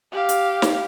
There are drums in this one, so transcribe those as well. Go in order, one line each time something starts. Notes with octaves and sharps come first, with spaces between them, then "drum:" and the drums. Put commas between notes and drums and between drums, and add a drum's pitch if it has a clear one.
G4 F5
drum: hi-hat
drum: snare